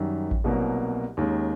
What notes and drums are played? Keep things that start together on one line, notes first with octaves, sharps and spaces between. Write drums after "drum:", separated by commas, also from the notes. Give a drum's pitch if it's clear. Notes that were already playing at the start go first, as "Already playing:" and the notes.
Already playing: F#2 D#3 G3
drum: kick A1
C2 B2 F#3 A#3
D#2 D#3 G#3 C#4